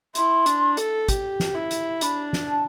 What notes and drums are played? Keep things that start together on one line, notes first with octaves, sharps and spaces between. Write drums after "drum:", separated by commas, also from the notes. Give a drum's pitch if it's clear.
E4 C6, drum: hi-hat
D4, drum: hi-hat
A4, drum: hi-hat
G4, drum: kick, hi-hat
drum: snare
E4
drum: hi-hat
D4 B5, drum: hi-hat
drum: snare
A5